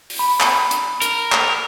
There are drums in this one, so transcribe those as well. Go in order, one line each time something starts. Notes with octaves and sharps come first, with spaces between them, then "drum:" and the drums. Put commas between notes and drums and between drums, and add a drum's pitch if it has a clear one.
drum: open hi-hat
B5
drum: clap
drum: hi-hat
A#4, drum: hi-hat
drum: clap